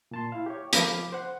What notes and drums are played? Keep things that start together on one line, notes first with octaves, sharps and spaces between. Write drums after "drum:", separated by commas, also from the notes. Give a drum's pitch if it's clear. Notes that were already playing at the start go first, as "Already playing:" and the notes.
A#2 A5 C6
E4 F5
G4 C#5
F3 A4 F5 B5 D6, drum: hi-hat
C5 F#5